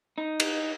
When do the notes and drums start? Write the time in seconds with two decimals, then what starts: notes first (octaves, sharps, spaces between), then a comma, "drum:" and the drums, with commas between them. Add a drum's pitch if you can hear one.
0.18 D#4
0.40 drum: cymbal